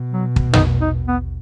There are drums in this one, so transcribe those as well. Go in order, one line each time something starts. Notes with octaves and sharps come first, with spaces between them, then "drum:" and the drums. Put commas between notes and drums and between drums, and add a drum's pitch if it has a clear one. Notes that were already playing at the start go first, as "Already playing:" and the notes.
Already playing: B2
F#3
drum: kick
D#4, drum: tom
D#4
B3